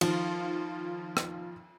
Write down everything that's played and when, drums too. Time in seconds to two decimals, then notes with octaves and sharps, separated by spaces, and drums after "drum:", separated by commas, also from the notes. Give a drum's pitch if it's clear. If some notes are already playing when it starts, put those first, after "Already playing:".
0.01 D#3 F3 F4, drum: cymbal
1.17 drum: rim click